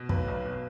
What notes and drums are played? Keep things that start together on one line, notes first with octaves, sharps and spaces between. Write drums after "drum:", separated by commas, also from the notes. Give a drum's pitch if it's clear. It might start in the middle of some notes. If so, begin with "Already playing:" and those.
Already playing: B2
B1 B4, drum: kick
B1
B2